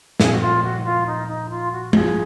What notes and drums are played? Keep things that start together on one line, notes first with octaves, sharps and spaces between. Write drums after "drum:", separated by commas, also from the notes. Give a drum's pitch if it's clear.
A#2 F3 C4 G#4, drum: snare
F#4
F4
F#4
F#4
F4
D#4
D#4
F4
F#4
A#1 G#2 F3 C4 F4 G#4, drum: tom G#3